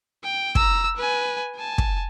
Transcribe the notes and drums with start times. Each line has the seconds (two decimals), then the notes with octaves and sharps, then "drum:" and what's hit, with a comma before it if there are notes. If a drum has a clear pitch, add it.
0.24 G5
0.55 A#5 E6, drum: kick
0.97 B4 G#5
1.55 G#5 A5
1.78 drum: kick